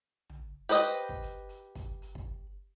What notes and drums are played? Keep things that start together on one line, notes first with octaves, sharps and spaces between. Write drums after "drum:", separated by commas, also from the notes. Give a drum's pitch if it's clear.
drum: tom
G4 B4 C5 D#5
drum: hi-hat
drum: kick
drum: hi-hat
drum: hi-hat
drum: kick, hi-hat
drum: hi-hat
drum: kick